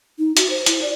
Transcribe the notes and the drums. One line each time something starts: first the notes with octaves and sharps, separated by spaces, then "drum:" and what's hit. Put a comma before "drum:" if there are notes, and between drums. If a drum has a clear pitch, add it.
D#4
F#4, drum: hi-hat
C5
E4, drum: hi-hat
D5